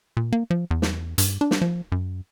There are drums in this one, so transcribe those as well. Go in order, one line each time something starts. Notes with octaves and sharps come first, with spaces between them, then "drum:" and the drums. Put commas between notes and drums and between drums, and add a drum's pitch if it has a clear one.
A#2
A#3
F3
E2
drum: snare
G2, drum: hi-hat
D4
drum: snare
F3
F#2